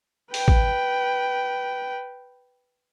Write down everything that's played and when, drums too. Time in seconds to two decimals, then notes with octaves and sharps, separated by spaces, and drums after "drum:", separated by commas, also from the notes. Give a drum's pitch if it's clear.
0.34 B4 G5, drum: open hi-hat
0.48 drum: kick